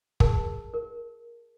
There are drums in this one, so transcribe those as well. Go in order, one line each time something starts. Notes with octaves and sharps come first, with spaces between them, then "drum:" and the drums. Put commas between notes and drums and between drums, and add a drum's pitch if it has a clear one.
G#4 A#4 A5 E6, drum: kick
A#4